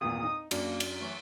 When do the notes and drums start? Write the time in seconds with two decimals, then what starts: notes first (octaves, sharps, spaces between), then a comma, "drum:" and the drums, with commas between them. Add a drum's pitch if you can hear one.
0.01 G#1 E2 A#2 D#6
0.24 D#4
0.51 F#2 A#3 D4, drum: cymbal
0.80 drum: cymbal
1.00 E3 F#3 A3